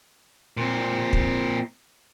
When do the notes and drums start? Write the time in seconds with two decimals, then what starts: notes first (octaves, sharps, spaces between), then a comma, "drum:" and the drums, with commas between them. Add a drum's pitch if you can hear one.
0.57 A#2 C4
1.13 drum: kick